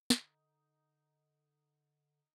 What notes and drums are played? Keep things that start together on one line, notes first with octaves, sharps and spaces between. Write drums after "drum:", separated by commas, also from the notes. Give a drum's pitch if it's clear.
D3 D#4, drum: snare